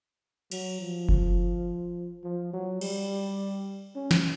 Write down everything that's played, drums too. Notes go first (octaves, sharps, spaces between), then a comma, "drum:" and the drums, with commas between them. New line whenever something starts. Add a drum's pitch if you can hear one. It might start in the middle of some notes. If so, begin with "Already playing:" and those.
F#3, drum: cymbal
F3
drum: kick F#1
F3
F#3
G3, drum: cymbal
C#4
drum: snare